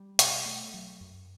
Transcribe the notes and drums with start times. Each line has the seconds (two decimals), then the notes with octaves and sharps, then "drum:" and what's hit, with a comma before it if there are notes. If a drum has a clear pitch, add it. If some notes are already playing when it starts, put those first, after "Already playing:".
Already playing: G3
0.19 B2, drum: hi-hat
0.46 A3
0.74 F#3
1.01 F#2